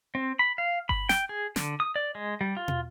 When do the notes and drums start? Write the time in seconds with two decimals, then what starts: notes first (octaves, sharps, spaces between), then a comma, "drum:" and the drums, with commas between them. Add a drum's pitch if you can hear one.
0.15 C4
0.39 B5
0.58 F5
0.89 B5, drum: kick G1
1.09 G5, drum: snare
1.29 G#4
1.56 D3, drum: snare
1.80 D#6
1.96 D5
2.15 G#3
2.41 G3
2.57 F4
2.68 drum: tom